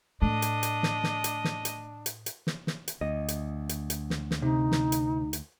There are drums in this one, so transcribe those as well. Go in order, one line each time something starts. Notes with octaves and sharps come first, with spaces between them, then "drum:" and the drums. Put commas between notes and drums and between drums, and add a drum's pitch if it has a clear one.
A2 A3 D4 D#5
drum: hi-hat
drum: hi-hat
drum: snare
drum: snare
drum: hi-hat
drum: snare
drum: hi-hat
drum: hi-hat
drum: hi-hat
drum: snare
drum: snare
drum: hi-hat
D2 D#5
drum: hi-hat
drum: hi-hat
drum: hi-hat
drum: snare
drum: snare
C3 D#4
drum: snare
drum: hi-hat
drum: hi-hat